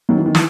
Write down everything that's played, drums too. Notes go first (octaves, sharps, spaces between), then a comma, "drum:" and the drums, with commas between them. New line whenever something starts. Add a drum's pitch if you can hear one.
D#3 F#3
E3
D#3
E3, drum: snare